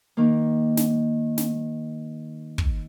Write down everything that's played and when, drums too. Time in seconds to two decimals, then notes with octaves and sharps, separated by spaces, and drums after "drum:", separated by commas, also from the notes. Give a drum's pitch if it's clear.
0.17 D#3 A#3
0.77 drum: snare
1.38 drum: snare
2.58 drum: kick